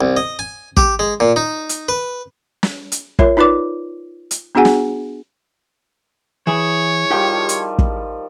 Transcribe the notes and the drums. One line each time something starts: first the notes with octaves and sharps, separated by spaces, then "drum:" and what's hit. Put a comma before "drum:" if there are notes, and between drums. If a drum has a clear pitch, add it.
C2
D#5
G#5
G4, drum: kick
G#3
A#2
D#4
drum: hi-hat
B4
drum: snare
drum: hi-hat
F4 A#4 C#5 E5, drum: kick
D#4 F4 B4 D5 D6
drum: hi-hat
B3 D4 F#4 G#4 F#5 G#5
drum: snare
E3 E4 G#4 C#5
D#3 F3 G3 G4 G5
drum: hi-hat
drum: kick